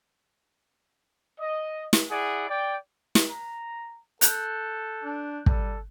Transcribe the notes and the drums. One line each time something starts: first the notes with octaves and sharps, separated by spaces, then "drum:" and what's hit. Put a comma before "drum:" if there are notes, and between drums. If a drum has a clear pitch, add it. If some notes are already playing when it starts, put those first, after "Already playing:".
D#5
drum: snare
E4 G#4 D5 F#5
D5 G5
drum: snare
A#5
A4 F#6 G6, drum: hi-hat
D4
G3 A4, drum: kick